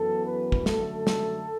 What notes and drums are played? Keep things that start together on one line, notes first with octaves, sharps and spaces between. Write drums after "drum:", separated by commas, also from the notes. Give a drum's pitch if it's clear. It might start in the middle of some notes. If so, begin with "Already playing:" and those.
Already playing: F#2 E3 B3 A4
B4
drum: kick
F#2 D3 A3 A4, drum: snare
drum: snare